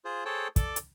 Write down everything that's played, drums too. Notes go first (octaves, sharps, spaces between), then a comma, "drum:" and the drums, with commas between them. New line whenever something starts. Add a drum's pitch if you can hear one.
F4 G#4 C5
G#4 A4 C5 C#5 G5 A5
A4 D5 D6, drum: kick, hi-hat
drum: hi-hat